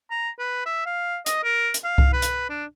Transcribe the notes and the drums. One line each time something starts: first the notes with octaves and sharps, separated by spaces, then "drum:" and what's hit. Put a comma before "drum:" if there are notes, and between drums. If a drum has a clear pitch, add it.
A#5
B4
E5
F5
D#5, drum: hi-hat
A#4
drum: hi-hat
F5
drum: kick C2
B4
drum: hi-hat
D4